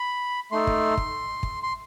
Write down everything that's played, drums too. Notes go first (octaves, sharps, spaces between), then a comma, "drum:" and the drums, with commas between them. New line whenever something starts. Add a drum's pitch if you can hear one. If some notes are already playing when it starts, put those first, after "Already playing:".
Already playing: B5
A3 D#4 A4 C6
drum: kick
drum: kick
drum: kick
C6